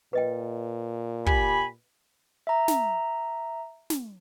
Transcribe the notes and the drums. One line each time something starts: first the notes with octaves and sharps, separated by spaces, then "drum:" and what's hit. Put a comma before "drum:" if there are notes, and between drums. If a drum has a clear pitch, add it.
A#2 B4 D#5 G5
G4 G#5 B5, drum: kick
E5 A#5
drum: snare
drum: snare